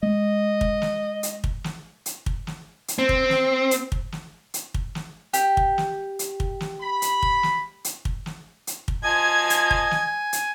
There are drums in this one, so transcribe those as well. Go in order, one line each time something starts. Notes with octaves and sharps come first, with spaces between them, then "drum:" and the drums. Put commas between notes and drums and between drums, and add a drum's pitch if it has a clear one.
G#3 D#5
drum: kick
drum: snare
drum: hi-hat
drum: kick
drum: snare
drum: hi-hat
drum: kick
drum: snare
drum: hi-hat
C4
drum: kick
drum: snare
drum: hi-hat
drum: kick
drum: snare
drum: hi-hat
drum: kick
drum: snare
G4, drum: hi-hat
drum: kick
drum: snare
drum: hi-hat
drum: kick
drum: snare
B5
drum: hi-hat
drum: kick
drum: snare
drum: hi-hat
drum: kick
drum: snare
drum: hi-hat
drum: kick
F3 D#5 G#5 A5 G#6
drum: hi-hat
drum: kick
drum: snare
drum: hi-hat